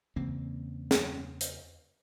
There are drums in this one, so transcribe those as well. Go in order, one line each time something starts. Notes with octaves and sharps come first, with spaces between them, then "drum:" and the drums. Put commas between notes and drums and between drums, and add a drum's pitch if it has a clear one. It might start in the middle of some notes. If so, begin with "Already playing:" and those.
E2 C#3 A#3 C4
drum: snare
drum: hi-hat